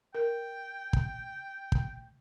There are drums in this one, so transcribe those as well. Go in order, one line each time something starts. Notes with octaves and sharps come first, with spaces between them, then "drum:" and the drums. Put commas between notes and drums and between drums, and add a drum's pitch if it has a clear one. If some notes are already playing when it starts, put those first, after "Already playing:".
A#4 G5
drum: kick
drum: kick